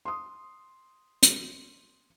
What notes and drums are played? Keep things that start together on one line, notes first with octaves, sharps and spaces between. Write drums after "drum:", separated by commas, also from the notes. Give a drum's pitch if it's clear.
C6 D#6
drum: hi-hat